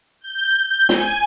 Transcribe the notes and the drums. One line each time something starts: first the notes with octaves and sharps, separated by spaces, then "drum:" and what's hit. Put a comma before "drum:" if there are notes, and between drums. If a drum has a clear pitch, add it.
G6
G#5, drum: snare